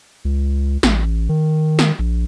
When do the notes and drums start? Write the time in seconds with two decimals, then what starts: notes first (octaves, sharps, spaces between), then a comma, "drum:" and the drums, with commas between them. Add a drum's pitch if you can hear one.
0.25 C#2
0.83 A1, drum: snare
1.29 D#3
1.79 drum: snare
1.99 A#1